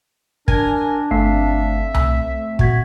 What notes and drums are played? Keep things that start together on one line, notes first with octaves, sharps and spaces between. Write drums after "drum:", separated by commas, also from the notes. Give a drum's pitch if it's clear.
D4 A#4 G#5, drum: kick
G1 A3 C4 E5 F5 C7
E6, drum: tom C2
A#2 F#4 G#6 B6, drum: kick